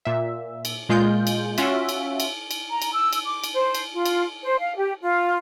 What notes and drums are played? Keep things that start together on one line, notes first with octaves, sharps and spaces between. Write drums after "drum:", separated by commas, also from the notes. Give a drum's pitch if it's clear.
A#2 E5
drum: cymbal
A#2 G#3 F4 G6
drum: cymbal
C#4 F4 F#4 E5, drum: cymbal
drum: cymbal
drum: cymbal
drum: cymbal
A#5
drum: cymbal
E6
drum: cymbal
D6
drum: cymbal
C5
drum: cymbal
F4
drum: cymbal
C5
F5
G4
F4